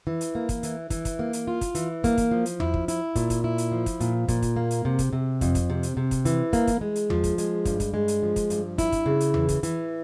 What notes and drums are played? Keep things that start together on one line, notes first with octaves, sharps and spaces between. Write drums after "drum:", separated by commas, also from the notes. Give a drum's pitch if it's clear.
E3
drum: hi-hat
A#3
drum: kick, hi-hat
E3, drum: hi-hat
E3, drum: kick, hi-hat
drum: kick, hi-hat
A#3
drum: hi-hat
F4
drum: kick, hi-hat
E3, drum: hi-hat
A#3, drum: kick, hi-hat
drum: kick, hi-hat
F3
drum: hi-hat
E4, drum: tom E2
drum: kick
E4, drum: hi-hat
A#2, drum: kick, hi-hat
drum: kick, hi-hat
E4
drum: hi-hat
F3
drum: kick, hi-hat
A#2, drum: hi-hat
A#2, drum: kick, hi-hat
drum: kick, hi-hat
A#3
drum: hi-hat
C3
drum: kick, hi-hat
C3
F2, drum: kick, hi-hat
drum: kick, hi-hat
C3
drum: hi-hat
C3
drum: kick, hi-hat
E3, drum: hi-hat
A#3, drum: kick, hi-hat
drum: kick, hi-hat
G#3
drum: hi-hat
F3, drum: tom E2
drum: kick, hi-hat
G#3, drum: hi-hat
G2, drum: kick, hi-hat
drum: kick, hi-hat
G#3
drum: hi-hat
F3
drum: kick, hi-hat
G2, drum: hi-hat
E4, drum: kick, hi-hat
drum: kick, hi-hat
C#3
drum: hi-hat
E3, drum: tom E2
drum: kick, hi-hat
E3, drum: hi-hat